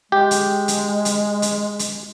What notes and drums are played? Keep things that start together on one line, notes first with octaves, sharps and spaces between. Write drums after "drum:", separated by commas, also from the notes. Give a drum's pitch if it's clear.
G#3 G4
drum: hi-hat
drum: hi-hat
drum: hi-hat
drum: hi-hat
drum: hi-hat